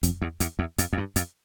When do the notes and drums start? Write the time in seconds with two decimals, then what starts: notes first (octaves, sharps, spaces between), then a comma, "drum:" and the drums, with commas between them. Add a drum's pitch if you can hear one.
0.03 F2, drum: kick F2, hi-hat
0.22 E2
0.40 E2, drum: hi-hat
0.59 E2
0.78 F2, drum: hi-hat
0.93 F2
0.98 G2
1.16 F2, drum: hi-hat